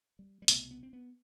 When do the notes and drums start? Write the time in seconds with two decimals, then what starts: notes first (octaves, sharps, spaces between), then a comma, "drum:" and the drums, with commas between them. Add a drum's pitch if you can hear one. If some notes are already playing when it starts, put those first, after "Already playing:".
0.19 G3
0.42 G3
0.48 C2 B2 A3, drum: hi-hat
0.71 B3
0.83 C4
0.93 B3